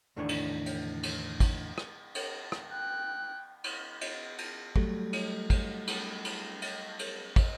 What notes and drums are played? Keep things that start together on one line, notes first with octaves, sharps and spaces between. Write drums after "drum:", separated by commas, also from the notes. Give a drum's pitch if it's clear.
E2 A2 D3 D#3 D4 C#5
drum: cymbal
drum: cymbal
drum: cymbal
drum: kick, cymbal
drum: rim click
drum: cymbal
drum: rim click
G5 F#6
drum: cymbal
drum: cymbal
drum: cymbal
F#3 G3 A3, drum: kick
drum: cymbal
drum: kick, cymbal
drum: cymbal
drum: cymbal
drum: cymbal
drum: cymbal
drum: kick, cymbal